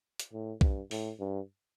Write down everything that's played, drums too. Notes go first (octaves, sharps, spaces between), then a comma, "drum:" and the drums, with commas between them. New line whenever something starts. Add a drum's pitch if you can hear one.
drum: hi-hat
A2
G2, drum: kick B1
A2, drum: open hi-hat
G2